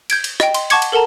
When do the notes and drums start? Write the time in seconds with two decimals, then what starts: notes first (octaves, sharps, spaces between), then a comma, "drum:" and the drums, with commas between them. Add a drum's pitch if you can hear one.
0.10 G6 G#6 D7, drum: cymbal
0.24 drum: cymbal
0.40 D#5 G5, drum: rim click
0.54 C6, drum: cymbal
0.70 F#5 A5 C#6 D6 G#6 C#7, drum: cymbal
0.82 drum: cymbal
0.92 A4 A#4 F#5 A5 A#5